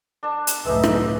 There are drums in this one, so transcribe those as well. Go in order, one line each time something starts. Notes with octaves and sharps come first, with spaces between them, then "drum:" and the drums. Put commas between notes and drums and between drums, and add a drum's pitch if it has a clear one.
D4 D5 A5
drum: hi-hat
C#2 F#2 A2 G#3 D#4 B4 E5
drum: rim click